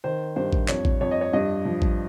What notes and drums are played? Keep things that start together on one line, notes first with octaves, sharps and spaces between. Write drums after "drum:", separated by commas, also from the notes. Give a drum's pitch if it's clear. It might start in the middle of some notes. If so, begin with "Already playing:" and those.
D#3 C5
G2 C5
drum: kick A1
F2 C#5, drum: clap
drum: kick A1
F2 C#5
D#5
C#5
G2 D#5
F3
drum: kick A1